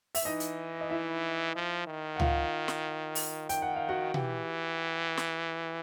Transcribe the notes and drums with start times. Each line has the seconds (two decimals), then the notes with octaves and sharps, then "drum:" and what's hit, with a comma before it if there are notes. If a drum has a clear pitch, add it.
0.15 E5, drum: open hi-hat
0.25 E3 D#4 D#5
0.40 drum: hi-hat
0.81 D#5
0.90 E4 E5
1.56 F3
1.87 D#3
2.16 F#5
2.20 F4 F5, drum: tom C#2
2.68 drum: snare
3.15 drum: open hi-hat
3.49 D#3 G5, drum: hi-hat
3.62 F#5
3.76 F5
3.89 F#4 F#5
4.14 E3 G4 G5, drum: tom B2
5.17 drum: snare